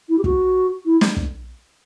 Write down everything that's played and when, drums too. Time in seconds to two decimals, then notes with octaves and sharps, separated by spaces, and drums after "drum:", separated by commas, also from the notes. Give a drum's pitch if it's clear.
0.09 E4
0.18 G4
0.24 F#4, drum: kick
0.86 E4
1.01 drum: snare
1.17 drum: kick